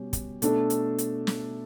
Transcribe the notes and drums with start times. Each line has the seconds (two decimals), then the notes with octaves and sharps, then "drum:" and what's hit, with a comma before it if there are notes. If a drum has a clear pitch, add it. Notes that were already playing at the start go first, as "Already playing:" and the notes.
Already playing: B2 G3 C#4 G4
0.13 drum: kick, hi-hat
0.42 B2 A3 D4 A4, drum: hi-hat
0.70 drum: hi-hat
0.98 drum: hi-hat
1.27 drum: snare